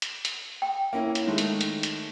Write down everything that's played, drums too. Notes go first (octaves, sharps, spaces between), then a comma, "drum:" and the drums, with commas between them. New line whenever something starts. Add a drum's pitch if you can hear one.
drum: hi-hat
drum: hi-hat
G5
A#3 C#4 E4
drum: hi-hat
D#3 G#3 A3
drum: hi-hat
drum: hi-hat
drum: hi-hat